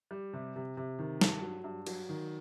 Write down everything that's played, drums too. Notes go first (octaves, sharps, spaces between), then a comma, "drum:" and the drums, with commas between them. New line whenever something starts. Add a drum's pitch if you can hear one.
G3
C3
C3
C3
D#3
G2, drum: snare
F#3
G2
F#3, drum: cymbal
D#3